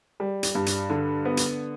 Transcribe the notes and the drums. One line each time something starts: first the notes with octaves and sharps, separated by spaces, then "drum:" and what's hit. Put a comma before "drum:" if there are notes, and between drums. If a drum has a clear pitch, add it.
G3
drum: hi-hat
G2
drum: hi-hat
D3
B3
drum: hi-hat